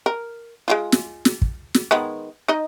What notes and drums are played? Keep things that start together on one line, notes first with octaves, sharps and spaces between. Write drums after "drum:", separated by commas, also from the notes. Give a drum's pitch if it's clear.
A#4
G#3 E4 F4
drum: snare
drum: snare
drum: kick
drum: snare
D#3 G#3 B3
D#4 D#5